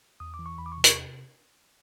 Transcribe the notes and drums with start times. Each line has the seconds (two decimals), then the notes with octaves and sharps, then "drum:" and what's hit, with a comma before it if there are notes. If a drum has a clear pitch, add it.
0.20 E2 D#6
0.34 D6
0.39 E3
0.46 C#6
0.58 E2 B5
0.66 D6
0.72 C#6
0.78 C3
0.84 C#6, drum: hi-hat